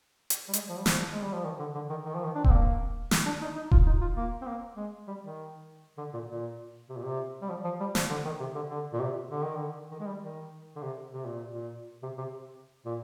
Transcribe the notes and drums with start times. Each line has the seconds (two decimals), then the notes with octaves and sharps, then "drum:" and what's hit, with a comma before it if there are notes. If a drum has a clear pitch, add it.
0.30 drum: hi-hat
0.48 G3
0.53 G#3, drum: hi-hat
0.69 F3
0.77 G3
0.86 F3, drum: snare
1.12 G#3
1.22 G3
1.33 F3
1.44 D#3
1.59 D3
1.75 D3
1.90 D#3
2.05 D#3
2.15 F3
2.24 D#3
2.35 D4
2.44 C4, drum: kick D#1
2.51 A#3
3.11 drum: snare
3.26 D4
3.41 D#4
3.56 D#4
3.71 F4, drum: kick D#1
3.86 D#4
4.01 F4
4.17 A#3
4.42 C4
4.47 A#3
4.77 G#3
5.07 G3
5.22 D#3
5.98 D3
6.13 A#2
6.28 A#2
6.89 C3
6.97 A#2
7.05 C3
7.42 G3
7.49 F3
7.65 F3
7.80 G3
7.95 F3, drum: snare
8.10 D3
8.25 D#3
8.40 C3
8.55 D3
8.70 D3
8.93 A#2
9.01 C3
9.31 D3
9.44 D#3
9.56 D3
9.91 D#3
10.00 G#3
10.06 G3
10.21 D#3
10.76 D3
10.82 C3
11.12 C3
11.26 A#2
11.52 A#2
12.03 C3
12.18 C3
12.86 A#2